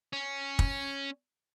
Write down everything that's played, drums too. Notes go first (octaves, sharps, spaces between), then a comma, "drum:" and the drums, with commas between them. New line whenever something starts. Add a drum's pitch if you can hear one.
C#4
drum: kick